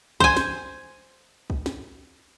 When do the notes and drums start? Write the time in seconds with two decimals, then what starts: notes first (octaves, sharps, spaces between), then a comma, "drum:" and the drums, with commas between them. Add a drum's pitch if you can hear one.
0.20 C5 G#5, drum: kick
0.37 drum: snare
1.50 drum: kick
1.66 drum: snare